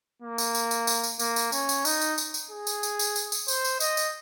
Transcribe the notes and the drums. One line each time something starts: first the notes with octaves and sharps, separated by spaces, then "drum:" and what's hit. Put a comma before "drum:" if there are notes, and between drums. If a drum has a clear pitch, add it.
A#3
drum: tambourine
drum: tambourine
drum: tambourine
drum: tambourine
drum: tambourine
A#3, drum: tambourine
drum: tambourine
C#4, drum: tambourine
drum: tambourine
D#4, drum: tambourine
drum: tambourine
drum: tambourine
drum: tambourine
G#4
drum: tambourine
drum: tambourine
drum: tambourine
drum: tambourine
drum: tambourine
C5, drum: tambourine
drum: tambourine
D#5, drum: tambourine
drum: tambourine